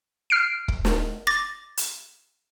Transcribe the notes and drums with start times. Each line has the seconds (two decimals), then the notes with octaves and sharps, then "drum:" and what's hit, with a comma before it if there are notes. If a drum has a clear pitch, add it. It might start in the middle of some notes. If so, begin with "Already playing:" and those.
0.30 F6 C7 D7
0.68 drum: kick
0.85 drum: snare
1.27 D6 A6 A#6
1.77 drum: hi-hat